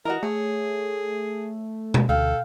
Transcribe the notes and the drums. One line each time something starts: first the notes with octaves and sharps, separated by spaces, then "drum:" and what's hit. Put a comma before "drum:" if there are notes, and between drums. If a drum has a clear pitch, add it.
E3 F#4 A#4 D#5 A#5
A3 G#4 C#5
drum: tom B2
D2 A4 F5 G5